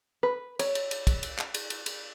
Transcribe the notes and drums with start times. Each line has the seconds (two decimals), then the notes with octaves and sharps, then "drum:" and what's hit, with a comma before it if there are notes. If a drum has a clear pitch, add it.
0.23 B4
0.59 C#5, drum: cymbal
0.75 drum: cymbal
0.91 drum: cymbal
1.07 drum: kick, cymbal
1.23 drum: cymbal
1.39 drum: clap
1.54 drum: cymbal
1.70 drum: cymbal
1.86 drum: cymbal